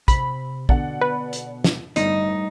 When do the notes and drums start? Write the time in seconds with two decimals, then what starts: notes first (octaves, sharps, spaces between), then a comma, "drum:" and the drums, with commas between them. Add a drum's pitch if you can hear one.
0.08 C3 B5, drum: kick, hi-hat
0.69 B2 D3 D5 F#5, drum: kick
1.01 B4
1.33 drum: hi-hat
1.64 drum: snare
1.96 G1 A2 G3 D#4, drum: hi-hat